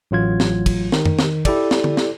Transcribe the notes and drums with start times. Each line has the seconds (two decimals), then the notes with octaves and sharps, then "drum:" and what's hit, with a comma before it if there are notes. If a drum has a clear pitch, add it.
0.11 A1 F#3 F4 G#6
0.40 drum: snare
0.66 drum: kick, cymbal
0.92 D#3, drum: snare
1.05 drum: tom F2
1.19 drum: snare
1.45 E4 G4 A4 D5, drum: kick, cymbal
1.71 drum: snare
1.84 drum: tom
1.97 drum: snare